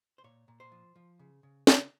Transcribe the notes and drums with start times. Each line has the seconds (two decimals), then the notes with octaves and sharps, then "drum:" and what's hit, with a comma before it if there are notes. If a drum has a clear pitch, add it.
0.18 C5
0.24 A#2 C#5
0.48 A#2
0.60 C5
0.72 F3
0.96 F3
1.19 C#3
1.43 C#3
1.67 C#3, drum: snare